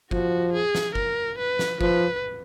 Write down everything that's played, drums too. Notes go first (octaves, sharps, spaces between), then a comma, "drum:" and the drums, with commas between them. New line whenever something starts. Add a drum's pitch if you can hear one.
F3 F#4, drum: kick F#1
G#4
drum: snare
A#4, drum: kick F#1
B4
drum: snare
F3 B4, drum: kick F#1